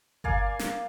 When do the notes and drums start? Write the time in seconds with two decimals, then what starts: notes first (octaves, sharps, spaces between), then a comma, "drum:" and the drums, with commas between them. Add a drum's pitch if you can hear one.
0.24 A#3 D5 F5 G#5, drum: kick G1
0.59 drum: snare